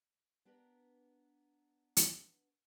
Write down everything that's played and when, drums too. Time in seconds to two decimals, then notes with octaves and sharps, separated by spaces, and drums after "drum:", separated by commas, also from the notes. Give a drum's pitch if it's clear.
0.45 B3 D4 G4 A#4 B4 A#5
1.97 drum: hi-hat